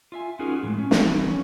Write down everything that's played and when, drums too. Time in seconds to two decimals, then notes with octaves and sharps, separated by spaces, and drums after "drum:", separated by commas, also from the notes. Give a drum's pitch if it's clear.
0.12 F4 E5 G#5
0.39 C#4 D#4 F4 F#4 G#4 A#4
0.63 A2 F3 G#3
0.79 C#4
0.91 E3 G3 B3 C4 D#4 F#4, drum: snare
1.26 E3 C#4 C#5